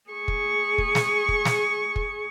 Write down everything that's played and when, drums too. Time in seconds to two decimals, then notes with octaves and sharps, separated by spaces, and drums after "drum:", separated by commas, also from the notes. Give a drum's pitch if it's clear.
0.11 G#4 C#6
0.28 drum: kick
0.78 drum: kick
0.95 drum: snare
1.29 drum: kick
1.45 drum: snare
1.96 drum: kick